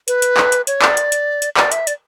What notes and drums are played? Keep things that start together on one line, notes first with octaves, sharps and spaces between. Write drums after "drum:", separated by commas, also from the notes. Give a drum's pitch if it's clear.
B4, drum: hi-hat
drum: hi-hat
drum: clap
drum: hi-hat
C#5, drum: hi-hat
D5, drum: clap
drum: hi-hat
drum: hi-hat
drum: hi-hat
D5, drum: clap
E5, drum: hi-hat
D5, drum: hi-hat